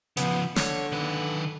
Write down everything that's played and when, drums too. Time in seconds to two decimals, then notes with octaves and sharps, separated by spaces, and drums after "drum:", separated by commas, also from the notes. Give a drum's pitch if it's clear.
0.17 C#3 F3 B3, drum: hi-hat
0.56 D3 C#5, drum: snare
0.92 D#3 B4